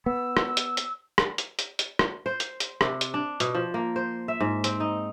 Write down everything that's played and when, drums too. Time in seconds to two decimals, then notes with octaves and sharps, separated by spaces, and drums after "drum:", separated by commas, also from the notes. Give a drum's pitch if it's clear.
0.06 B3 E6
0.37 drum: rim click
0.57 drum: hi-hat
0.77 drum: hi-hat
1.18 drum: rim click
1.38 drum: hi-hat
1.59 drum: hi-hat
1.79 drum: hi-hat
1.99 drum: rim click
2.26 C5
2.40 drum: hi-hat
2.60 drum: hi-hat
2.81 C3, drum: rim click
3.01 drum: hi-hat
3.14 D4
3.40 B2, drum: hi-hat
3.55 F3
3.74 A#3
3.96 C5
4.28 E5
4.41 G#2
4.64 C4, drum: hi-hat
4.80 D#4